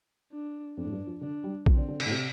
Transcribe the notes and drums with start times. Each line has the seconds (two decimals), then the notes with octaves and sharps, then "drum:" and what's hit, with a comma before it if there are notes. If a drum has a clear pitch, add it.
0.32 D4
0.77 F2 D4
0.85 A2
0.92 G2
1.07 F3
1.21 D3 D4
1.44 G3
1.66 F3 C4, drum: kick A#1
1.77 D3
1.88 D3
2.00 D3, drum: cymbal
2.06 A2
2.11 C3